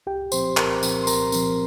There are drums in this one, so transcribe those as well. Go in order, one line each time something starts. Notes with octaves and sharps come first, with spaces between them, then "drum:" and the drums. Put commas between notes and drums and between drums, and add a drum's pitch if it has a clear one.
C2 G4 G5
A#2 F3 C4 C5 C6, drum: tambourine
C2 A#4 A#5, drum: clap
A#2 F3 C4, drum: tambourine
C6
C2 A#4 A#5, drum: tambourine
A#2 F3 C4, drum: tambourine